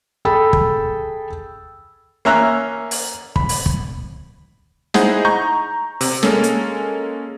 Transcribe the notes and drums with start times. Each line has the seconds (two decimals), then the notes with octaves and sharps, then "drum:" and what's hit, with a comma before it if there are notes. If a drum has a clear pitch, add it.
0.25 G#4 A4 G5 B5 E6
0.53 drum: kick
2.25 A#3 C#4 E5 A#5 F#6
2.91 drum: open hi-hat
3.36 B5, drum: kick
3.49 drum: open hi-hat
3.66 drum: kick
4.94 D#4 E4 G#4 C5 D#5 F#5, drum: snare
5.25 A#5 C#6 G6
6.01 C3, drum: open hi-hat
6.23 G#3 A#3 C#4 A4, drum: snare
6.44 drum: hi-hat